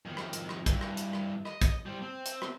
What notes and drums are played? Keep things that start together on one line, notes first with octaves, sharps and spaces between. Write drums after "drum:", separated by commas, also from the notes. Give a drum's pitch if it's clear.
F2 D#3
drum: rim click
drum: hi-hat
drum: rim click
G2 E3, drum: kick, hi-hat
drum: rim click
drum: hi-hat
drum: rim click
D#5, drum: rim click
drum: kick, hi-hat
G3 C5
C4
drum: hi-hat
drum: rim click